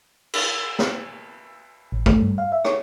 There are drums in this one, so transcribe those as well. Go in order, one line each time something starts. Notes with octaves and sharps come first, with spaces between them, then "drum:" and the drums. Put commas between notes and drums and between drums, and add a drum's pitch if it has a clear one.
drum: cymbal
drum: snare
A1
A3, drum: kick
G2
F5
E5
C#5, drum: rim click